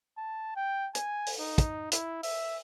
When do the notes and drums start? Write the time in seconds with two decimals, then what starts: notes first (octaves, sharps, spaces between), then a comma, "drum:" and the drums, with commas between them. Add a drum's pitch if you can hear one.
0.18 A5
0.56 G5
0.95 G#5, drum: hi-hat
1.26 drum: open hi-hat
1.40 D#4
1.58 drum: kick, hi-hat
1.92 E4, drum: hi-hat
2.23 E5, drum: open hi-hat